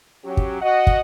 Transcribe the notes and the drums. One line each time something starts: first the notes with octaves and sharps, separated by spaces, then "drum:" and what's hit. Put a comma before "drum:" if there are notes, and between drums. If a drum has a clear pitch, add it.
F#3 C#4 G4
drum: kick
F#4 D#5 F#5
drum: kick